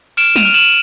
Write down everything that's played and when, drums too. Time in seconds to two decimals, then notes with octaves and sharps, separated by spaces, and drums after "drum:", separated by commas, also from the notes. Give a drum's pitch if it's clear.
0.17 F6 D7 E7, drum: cymbal
0.36 D#7 F7, drum: snare
0.45 F6
0.54 E7 F#7, drum: cymbal